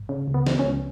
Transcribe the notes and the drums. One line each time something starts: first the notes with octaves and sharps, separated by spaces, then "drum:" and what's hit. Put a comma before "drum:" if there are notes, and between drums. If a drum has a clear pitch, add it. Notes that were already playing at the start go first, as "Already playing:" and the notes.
Already playing: G#1
C#3
C#2
B3
F3, drum: snare
C#4
C#2